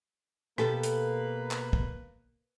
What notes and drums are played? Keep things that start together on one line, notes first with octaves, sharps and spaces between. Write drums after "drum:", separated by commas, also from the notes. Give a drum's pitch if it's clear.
B2 A#3 G4 A4 B4, drum: rim click
drum: hi-hat
drum: clap
drum: kick